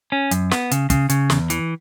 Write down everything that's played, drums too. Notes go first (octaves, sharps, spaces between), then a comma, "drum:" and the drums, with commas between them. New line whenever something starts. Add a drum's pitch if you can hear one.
C#4
F#2, drum: hi-hat
B3, drum: snare
C#3, drum: hi-hat
C#3, drum: kick, hi-hat
C#3, drum: hi-hat
E2, drum: snare
E3, drum: hi-hat